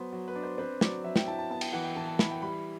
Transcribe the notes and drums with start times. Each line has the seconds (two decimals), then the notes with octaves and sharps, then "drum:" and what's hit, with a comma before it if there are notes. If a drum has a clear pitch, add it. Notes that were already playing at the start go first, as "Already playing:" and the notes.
Already playing: F#3 B3 C5
0.12 F#3
0.28 B4
0.35 D4
0.43 C5
0.58 C4 B4
0.81 F#3 D5, drum: snare
1.04 F#3 E5
1.16 G5, drum: snare
1.27 E4 A5
1.39 A5
1.50 B3 A5
1.61 G5, drum: cymbal
1.73 E3 F#5
1.84 G5
1.96 E3 A5
2.07 A5
2.19 E4 B5, drum: snare
2.31 G5
2.42 G3 B5